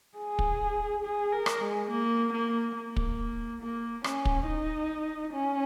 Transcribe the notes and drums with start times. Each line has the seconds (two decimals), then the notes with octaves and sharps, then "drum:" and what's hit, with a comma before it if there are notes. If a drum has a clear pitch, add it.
0.17 G#4
0.39 drum: kick
1.03 G#4
1.32 A#4
1.46 drum: rim click
1.60 G#3
1.89 A#3
2.32 A#3
2.75 A#3
2.96 drum: kick
3.61 A#3
4.04 C#4, drum: rim click
4.25 drum: kick
4.47 D#4
5.33 C#4